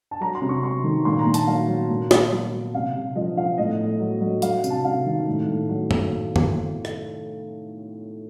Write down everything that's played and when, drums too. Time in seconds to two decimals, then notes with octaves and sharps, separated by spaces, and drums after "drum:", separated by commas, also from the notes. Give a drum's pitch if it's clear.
0.11 A5
0.21 F#3 A#5
0.35 C6
0.42 C3
0.49 C#6
0.63 C3 C6
0.84 D#3
1.05 A#2 C6
1.19 A#5
1.26 A#2
1.34 A5, drum: hi-hat
1.47 F#3 F5
1.68 F#3
1.90 A#2
2.11 A#2, drum: snare
2.32 F#3
2.53 F#3
2.74 C3 F5
2.95 C3
3.16 F3 D#5
3.37 F3 F5
3.58 A2 D#5
3.80 A2
4.00 F#3
4.21 F#3
4.42 F#3 F5, drum: hi-hat
4.64 C3, drum: tambourine
4.70 A5
4.84 C3 F5
5.06 D#3
5.27 A2
5.48 A2
5.69 F#3
5.91 F#3, drum: tom F#2
6.36 drum: tom F#2
6.85 drum: rim click